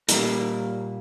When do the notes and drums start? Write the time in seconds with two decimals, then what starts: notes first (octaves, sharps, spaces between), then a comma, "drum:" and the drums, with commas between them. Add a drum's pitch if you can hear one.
0.08 A#2 G3 A#3 A#4, drum: hi-hat